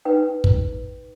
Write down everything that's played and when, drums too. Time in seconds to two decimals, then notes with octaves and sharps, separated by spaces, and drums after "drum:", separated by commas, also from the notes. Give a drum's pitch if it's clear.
0.05 D#4 B4 G5
0.44 drum: kick